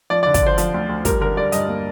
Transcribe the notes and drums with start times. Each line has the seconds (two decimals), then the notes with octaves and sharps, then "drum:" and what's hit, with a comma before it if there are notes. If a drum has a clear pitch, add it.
0.10 F3 D5
0.23 D5
0.26 D3
0.34 D5, drum: kick, hi-hat
0.42 D3 C5
0.58 F3, drum: hi-hat
0.74 D2
0.89 D2
1.05 G3 A#4, drum: kick, hi-hat
1.20 D3 A#4
1.36 G3 D5
1.52 G2 D#5, drum: hi-hat
1.68 A#3